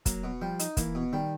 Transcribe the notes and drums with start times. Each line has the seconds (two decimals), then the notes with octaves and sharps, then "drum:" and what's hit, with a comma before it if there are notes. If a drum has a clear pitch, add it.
0.06 F#3 A#3, drum: kick, hi-hat
0.24 B2
0.41 F3 G3
0.59 D#4, drum: hi-hat
0.77 E3 A#3, drum: kick, hi-hat
0.95 B2
1.13 D#3 G3